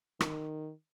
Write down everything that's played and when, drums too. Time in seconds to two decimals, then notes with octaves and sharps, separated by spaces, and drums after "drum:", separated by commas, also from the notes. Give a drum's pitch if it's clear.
0.20 D#3, drum: rim click